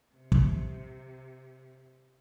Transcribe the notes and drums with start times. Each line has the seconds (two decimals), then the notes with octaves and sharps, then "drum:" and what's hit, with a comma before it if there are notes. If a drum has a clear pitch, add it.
0.14 C3
0.32 drum: kick